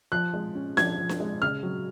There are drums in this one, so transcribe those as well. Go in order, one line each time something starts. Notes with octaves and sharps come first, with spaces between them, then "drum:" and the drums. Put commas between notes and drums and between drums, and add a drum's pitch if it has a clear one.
F3 F#6
G#3
C#4
F3 G#6, drum: snare D4
F3
drum: snare D4
G#3
C#3 F6
F#3